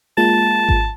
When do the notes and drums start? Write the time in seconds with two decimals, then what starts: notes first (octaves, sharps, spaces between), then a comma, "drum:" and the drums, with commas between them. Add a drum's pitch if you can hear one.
0.17 G#3 A#3 F4 A5
0.69 drum: kick G#1